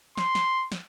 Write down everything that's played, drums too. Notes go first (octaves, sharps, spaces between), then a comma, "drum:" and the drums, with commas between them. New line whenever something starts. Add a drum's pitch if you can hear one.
C6, drum: snare
drum: snare
drum: snare